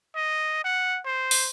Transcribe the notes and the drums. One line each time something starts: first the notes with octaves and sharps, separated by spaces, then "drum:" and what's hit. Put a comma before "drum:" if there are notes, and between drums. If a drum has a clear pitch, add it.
D#5
F#5
C5
drum: open hi-hat